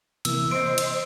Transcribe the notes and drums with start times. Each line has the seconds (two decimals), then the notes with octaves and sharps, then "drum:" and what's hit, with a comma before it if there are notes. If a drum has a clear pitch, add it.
0.25 C3 E3 A#3 E6, drum: cymbal
0.51 C5 D#5 C6 D7
0.78 drum: cymbal